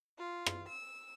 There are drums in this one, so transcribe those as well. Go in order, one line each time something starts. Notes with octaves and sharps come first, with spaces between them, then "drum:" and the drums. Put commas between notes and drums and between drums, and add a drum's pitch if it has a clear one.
F4
drum: rim click
E6